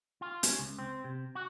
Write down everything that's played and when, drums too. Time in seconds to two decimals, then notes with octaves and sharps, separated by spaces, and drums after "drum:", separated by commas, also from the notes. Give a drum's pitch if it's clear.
0.21 F4
0.43 C#4, drum: hi-hat
0.59 C#2
0.79 C4
1.04 C3
1.35 F#4